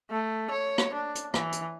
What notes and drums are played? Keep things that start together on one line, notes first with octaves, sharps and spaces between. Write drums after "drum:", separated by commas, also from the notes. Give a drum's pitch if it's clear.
A3
C#5
drum: rim click
D4
drum: hi-hat
E3, drum: rim click
drum: hi-hat